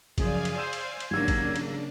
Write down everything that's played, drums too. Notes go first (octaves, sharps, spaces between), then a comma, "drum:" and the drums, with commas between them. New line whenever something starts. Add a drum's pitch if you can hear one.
F#2 C#3 F3 G#4 D5 F5 G#5, drum: kick, cymbal
drum: cymbal
C5 E6 D#7 E7
drum: cymbal
drum: cymbal
G#1 C#3 F#3 A#3 D4 G4 E6 G#6
drum: kick, cymbal
drum: cymbal